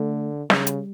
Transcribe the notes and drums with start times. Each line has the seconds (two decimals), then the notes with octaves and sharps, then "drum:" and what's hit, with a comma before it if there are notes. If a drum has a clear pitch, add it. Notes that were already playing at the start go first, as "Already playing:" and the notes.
Already playing: D3 A3
0.50 C#3 G3, drum: snare
0.67 drum: hi-hat